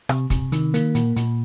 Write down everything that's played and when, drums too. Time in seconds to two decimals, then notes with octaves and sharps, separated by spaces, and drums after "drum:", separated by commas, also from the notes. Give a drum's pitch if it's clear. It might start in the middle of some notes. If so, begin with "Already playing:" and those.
0.09 C3, drum: rim click
0.30 C3, drum: kick, hi-hat
0.52 D#3, drum: hi-hat
0.74 A#3, drum: hi-hat
0.95 A#2, drum: hi-hat
1.16 A#2, drum: hi-hat